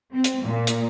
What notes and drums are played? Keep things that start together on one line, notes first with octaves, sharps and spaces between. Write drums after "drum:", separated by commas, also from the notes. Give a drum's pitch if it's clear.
C4
drum: hi-hat
A#2
drum: hi-hat